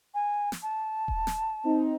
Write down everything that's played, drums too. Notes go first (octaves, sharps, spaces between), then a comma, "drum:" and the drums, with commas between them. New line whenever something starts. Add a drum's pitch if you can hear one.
G#5
drum: snare
A5
drum: kick D#1
drum: snare
C4 D#4